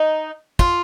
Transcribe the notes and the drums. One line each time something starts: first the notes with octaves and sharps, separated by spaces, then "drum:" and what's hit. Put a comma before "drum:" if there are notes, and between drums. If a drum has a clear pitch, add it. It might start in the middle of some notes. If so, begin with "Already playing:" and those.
Already playing: D#4
F4, drum: kick